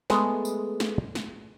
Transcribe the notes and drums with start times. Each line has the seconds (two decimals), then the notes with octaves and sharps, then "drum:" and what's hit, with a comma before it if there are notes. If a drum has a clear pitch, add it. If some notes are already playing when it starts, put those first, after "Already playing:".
0.10 G#3 A3 B3 G#4 A4, drum: snare
0.45 drum: tambourine
0.80 drum: snare
1.15 drum: snare